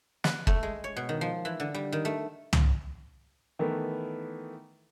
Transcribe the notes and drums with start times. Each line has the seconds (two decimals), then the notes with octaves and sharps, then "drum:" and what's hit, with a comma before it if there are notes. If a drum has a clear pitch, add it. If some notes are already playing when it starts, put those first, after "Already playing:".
0.24 B4, drum: snare
0.47 A3, drum: kick
0.63 G#3
0.84 C#5
0.97 B2
1.09 D#3
1.21 F3
1.45 E3
1.60 D3
1.74 G3
1.92 D#3
2.05 A3
2.53 drum: tom
3.59 D#3 E3 A3 B3 E4